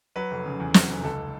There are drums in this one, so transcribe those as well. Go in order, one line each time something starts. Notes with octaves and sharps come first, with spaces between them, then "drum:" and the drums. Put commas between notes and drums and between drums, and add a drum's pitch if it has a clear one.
F#3 B4
F1
C#3
E2
F#3, drum: snare
F1
C#2 A4